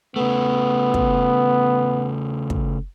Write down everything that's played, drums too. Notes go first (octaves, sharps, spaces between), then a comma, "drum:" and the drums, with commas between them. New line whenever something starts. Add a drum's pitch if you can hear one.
C#3 A3 B3
drum: kick
drum: kick